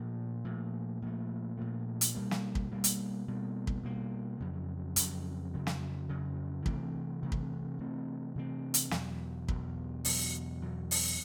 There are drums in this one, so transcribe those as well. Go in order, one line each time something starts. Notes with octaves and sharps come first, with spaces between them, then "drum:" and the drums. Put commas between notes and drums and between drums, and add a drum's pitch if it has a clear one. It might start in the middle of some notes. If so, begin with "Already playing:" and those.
Already playing: A#2 F3 A3
A#2 F3 A3
A#2 F3 A3
A#2 F3 A3
drum: hi-hat
B2 G3 A#3
drum: snare
drum: kick
B2 G3 A#3
drum: hi-hat
B2 G3 A#3
drum: kick
B2 G3 A#3
F2 C#3 F#3
F2 C#3 F#3, drum: hi-hat
F2 C#3 F#3
drum: snare
F2 C#3 F#3
C3 E3 A3 C4, drum: kick
C3 E3 A3 C4
drum: kick
C3 E3 A3 C4
C3 E3 A3 C4
drum: hi-hat
E2 B2 F#3, drum: snare
E2 B2 F#3, drum: kick
E2 B2 F#3, drum: open hi-hat
E2 B2 F#3
drum: open hi-hat